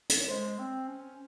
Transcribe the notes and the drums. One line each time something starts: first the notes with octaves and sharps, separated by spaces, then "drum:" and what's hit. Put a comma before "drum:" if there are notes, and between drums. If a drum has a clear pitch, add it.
drum: hi-hat
C#5
G#3 C5
C4
C#4